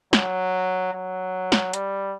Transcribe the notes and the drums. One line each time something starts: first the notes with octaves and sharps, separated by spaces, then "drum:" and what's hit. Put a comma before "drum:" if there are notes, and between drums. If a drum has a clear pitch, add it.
F#3, drum: snare
F#3
drum: snare
G3, drum: hi-hat